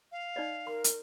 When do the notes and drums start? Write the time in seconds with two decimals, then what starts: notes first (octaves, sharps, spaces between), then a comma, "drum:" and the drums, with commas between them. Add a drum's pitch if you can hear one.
0.12 F5
0.36 D#4 D5 D#5
0.67 A#4 C6
0.84 drum: hi-hat